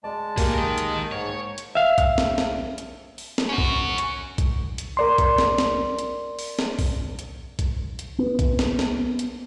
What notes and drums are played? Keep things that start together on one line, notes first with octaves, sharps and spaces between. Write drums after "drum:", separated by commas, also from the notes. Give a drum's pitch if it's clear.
G#3 D5 A5
A#3 G4 G#4 A#4, drum: kick A#1, open hi-hat
A#4 D#5
drum: hi-hat
G#2 C#5
drum: hi-hat
E5 F5
drum: kick A#1, hi-hat
drum: snare
drum: snare
drum: hi-hat
drum: open hi-hat
drum: snare
C#4 F#4
drum: kick A#1
drum: hi-hat
drum: kick A#1, hi-hat
drum: hi-hat
A#4 D5 C6
drum: kick A#1, hi-hat
drum: snare
drum: snare
drum: hi-hat
drum: open hi-hat
drum: snare
drum: kick A#1, open hi-hat
drum: hi-hat
drum: kick A#1, hi-hat
drum: hi-hat
B3
drum: kick A#1, hi-hat
drum: snare
drum: snare
drum: hi-hat